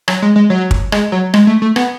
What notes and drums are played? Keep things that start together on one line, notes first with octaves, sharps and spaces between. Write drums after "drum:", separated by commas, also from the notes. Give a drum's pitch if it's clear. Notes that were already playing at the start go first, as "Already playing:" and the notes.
F#3, drum: rim click
G#3
G#3
F#3
drum: kick
G#3, drum: rim click
F#3
G#3, drum: rim click
A3
A3
B3, drum: rim click